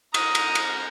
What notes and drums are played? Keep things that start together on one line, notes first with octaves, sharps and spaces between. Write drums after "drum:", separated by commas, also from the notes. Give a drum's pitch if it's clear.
A#5 D#6, drum: cymbal
drum: cymbal
drum: cymbal